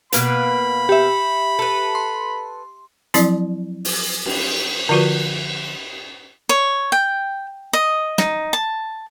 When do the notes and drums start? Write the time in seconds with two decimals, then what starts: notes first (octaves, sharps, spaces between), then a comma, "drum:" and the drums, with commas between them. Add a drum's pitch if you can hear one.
0.13 B2 A#3 B4 B5, drum: hi-hat
0.89 G4 E5
1.59 A4 B4
1.95 C6
3.14 F3 F#3 C4 E4, drum: hi-hat
3.85 drum: open hi-hat
4.25 drum: cymbal
4.89 D3 F3 F4 F#4 B4
6.49 C#5
6.92 G5
7.73 D#5
8.18 D#4, drum: snare
8.53 A5